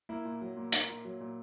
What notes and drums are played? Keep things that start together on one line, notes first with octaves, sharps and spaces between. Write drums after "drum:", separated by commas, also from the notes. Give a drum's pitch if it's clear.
A#3 E4
A#2
F#3
A#2
A#3, drum: hi-hat
A#2
F#3
A#2